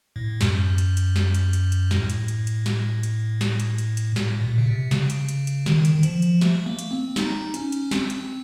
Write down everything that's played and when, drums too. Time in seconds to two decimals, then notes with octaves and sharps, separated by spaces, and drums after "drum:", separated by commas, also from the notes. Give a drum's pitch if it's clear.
0.16 A2
0.41 F#2, drum: snare
0.78 drum: hi-hat
0.97 drum: hi-hat
1.16 drum: snare
1.34 drum: hi-hat
1.53 drum: hi-hat
1.72 drum: hi-hat
1.91 A2, drum: snare
2.10 drum: hi-hat
2.28 drum: hi-hat
2.47 drum: hi-hat
2.66 drum: snare
3.03 drum: hi-hat
3.41 drum: snare
3.60 drum: hi-hat
3.78 drum: hi-hat
3.97 drum: hi-hat
4.16 A2, drum: snare
4.41 A#2
4.58 C#3
4.66 C3
4.91 C#3, drum: snare
5.10 drum: hi-hat
5.28 drum: hi-hat
5.47 drum: hi-hat
5.66 D#3, drum: snare
5.85 drum: hi-hat
5.95 D#3
6.03 F3, drum: hi-hat
6.22 drum: hi-hat
6.41 A3, drum: snare
6.66 A#3
6.79 drum: hi-hat
6.91 C4
7.16 D#4, drum: snare
7.54 C#4, drum: hi-hat
7.72 drum: hi-hat
7.91 C4, drum: snare
8.10 drum: hi-hat